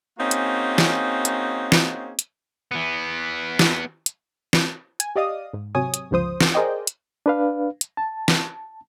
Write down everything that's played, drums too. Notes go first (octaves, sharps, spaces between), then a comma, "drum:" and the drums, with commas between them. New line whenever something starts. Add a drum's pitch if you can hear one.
A#3 C4 C#4 D#4 F#4 G#4
drum: hi-hat
drum: snare
drum: hi-hat
drum: snare
drum: hi-hat
E3 B3
drum: snare
drum: hi-hat
drum: snare
G#5, drum: hi-hat
G4 D5 D#5 F5 D#6
G#2
G#1 C3 F#3 C#5 G#5 D#6
drum: hi-hat
G1 C#2 F3 C5 D#6
drum: snare
G#4 A#4 C5 D5 D#5 G5
drum: hi-hat
D4 B4 F5
drum: hi-hat
A5
drum: snare